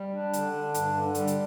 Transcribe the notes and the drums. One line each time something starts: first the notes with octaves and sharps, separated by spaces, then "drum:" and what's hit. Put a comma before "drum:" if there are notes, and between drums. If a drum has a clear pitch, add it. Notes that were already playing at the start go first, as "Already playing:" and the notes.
Already playing: G3
D4
D3, drum: hi-hat
D4
G2, drum: hi-hat
D3
G3, drum: hi-hat
drum: hi-hat